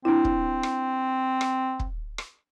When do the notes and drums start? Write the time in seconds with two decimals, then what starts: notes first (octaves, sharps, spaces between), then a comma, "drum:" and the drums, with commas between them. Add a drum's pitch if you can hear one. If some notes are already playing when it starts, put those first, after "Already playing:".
0.05 C4 D4 E4
0.25 drum: kick
0.63 drum: rim click
1.41 drum: rim click
1.80 drum: kick
2.18 drum: rim click